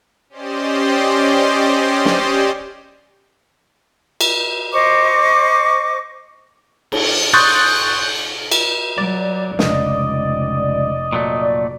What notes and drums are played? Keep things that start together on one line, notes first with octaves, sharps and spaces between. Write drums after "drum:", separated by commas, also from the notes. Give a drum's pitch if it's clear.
C#4 G4 C5 D5 D#5 C6
drum: snare
drum: cymbal
C5 D#5 C#6 D6
drum: cymbal
C6 C#6 D#6 F#6 G6 A6
drum: cymbal
F#3 D5
F1 C#2 D#5, drum: snare
A#2 F#3 A3